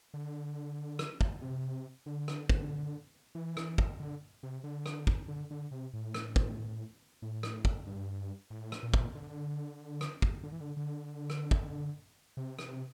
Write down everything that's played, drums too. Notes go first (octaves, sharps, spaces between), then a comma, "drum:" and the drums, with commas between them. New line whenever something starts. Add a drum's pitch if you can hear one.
D3
drum: rim click
drum: kick
C3
D3
drum: rim click
drum: kick
E3
drum: rim click
drum: kick
D3
C3
D3
drum: rim click
drum: kick
D3
D3
C3
A2
drum: rim click
drum: kick
A2
drum: rim click
drum: kick
G2
A2
drum: rim click
A#2
drum: kick
D3
drum: rim click
drum: kick
D3
E3
D3
D3
drum: rim click
drum: kick
C3
drum: rim click